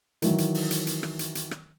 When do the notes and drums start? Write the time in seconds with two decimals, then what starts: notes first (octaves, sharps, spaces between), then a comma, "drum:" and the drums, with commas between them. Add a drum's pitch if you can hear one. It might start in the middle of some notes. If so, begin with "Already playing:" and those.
0.22 D#3 E3 F#3, drum: hi-hat
0.38 drum: hi-hat
0.54 drum: open hi-hat
0.71 drum: hi-hat
0.87 drum: hi-hat
1.03 drum: rim click
1.19 drum: hi-hat
1.35 drum: hi-hat
1.51 drum: rim click